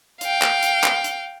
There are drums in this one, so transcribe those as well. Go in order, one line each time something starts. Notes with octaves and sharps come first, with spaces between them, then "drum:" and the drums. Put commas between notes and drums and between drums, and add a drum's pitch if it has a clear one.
F5 G5, drum: hi-hat
drum: clap
drum: hi-hat
drum: clap
drum: hi-hat